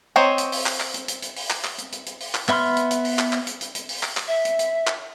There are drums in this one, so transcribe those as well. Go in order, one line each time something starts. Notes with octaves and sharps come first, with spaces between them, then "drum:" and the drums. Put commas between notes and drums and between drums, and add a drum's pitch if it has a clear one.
C4 C5 C#5 D#5 A#5
drum: hi-hat
drum: open hi-hat
drum: clap
drum: clap
drum: hi-hat
drum: hi-hat
drum: hi-hat
drum: open hi-hat
drum: clap
drum: clap
drum: hi-hat
drum: hi-hat
drum: hi-hat
drum: open hi-hat
drum: clap
B3 E5 B5 C6 F6, drum: clap
drum: hi-hat
drum: hi-hat
drum: open hi-hat
drum: clap
drum: clap
drum: hi-hat
drum: hi-hat
drum: hi-hat
drum: open hi-hat
drum: clap
drum: clap
E5
drum: hi-hat
drum: hi-hat
drum: clap